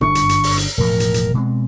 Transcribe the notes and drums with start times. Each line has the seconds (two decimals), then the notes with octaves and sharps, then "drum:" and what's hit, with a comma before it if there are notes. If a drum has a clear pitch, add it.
0.01 G1 D4 C#6, drum: tom
0.15 drum: hi-hat
0.29 drum: hi-hat
0.43 drum: open hi-hat
0.58 drum: hi-hat
0.78 E1 A2 F3 A#4
1.00 drum: hi-hat
1.14 drum: hi-hat
1.34 B2 G#3 C4